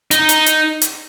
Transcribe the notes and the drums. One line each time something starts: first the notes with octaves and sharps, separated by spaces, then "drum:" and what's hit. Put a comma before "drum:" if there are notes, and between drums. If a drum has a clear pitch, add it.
D#4, drum: hi-hat
drum: hi-hat
drum: hi-hat
drum: hi-hat